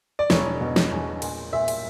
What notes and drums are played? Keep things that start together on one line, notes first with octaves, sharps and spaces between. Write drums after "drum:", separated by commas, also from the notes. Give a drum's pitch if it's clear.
D5
E1 C#5, drum: snare
B2
drum: snare
E2
A#2, drum: cymbal
A#2 E5
drum: cymbal